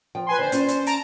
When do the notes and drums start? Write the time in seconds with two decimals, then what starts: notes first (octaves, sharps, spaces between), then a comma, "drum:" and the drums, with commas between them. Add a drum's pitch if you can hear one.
0.15 F3 G5
0.27 B4 G#5 C6
0.39 D3 C5 D5
0.52 C#4 F4 D5, drum: hi-hat
0.69 drum: hi-hat
0.87 A5 A#5 D7, drum: hi-hat